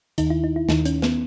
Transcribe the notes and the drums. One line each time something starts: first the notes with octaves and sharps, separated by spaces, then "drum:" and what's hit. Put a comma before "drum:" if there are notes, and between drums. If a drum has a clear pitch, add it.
D#2 D#3 D#4, drum: hi-hat
E4
D#4
E4
D#2 D#3 D#4, drum: snare
C#4, drum: hi-hat
B3, drum: snare